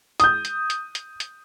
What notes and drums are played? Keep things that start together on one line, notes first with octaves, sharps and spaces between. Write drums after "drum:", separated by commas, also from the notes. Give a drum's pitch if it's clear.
D#6 G6, drum: hi-hat
drum: hi-hat
drum: hi-hat
drum: hi-hat
drum: hi-hat